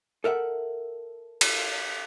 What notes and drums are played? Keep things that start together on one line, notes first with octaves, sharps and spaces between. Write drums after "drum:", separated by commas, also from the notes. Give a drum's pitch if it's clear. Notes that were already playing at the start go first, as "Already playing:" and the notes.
A4 A#4 E5 F#5
drum: cymbal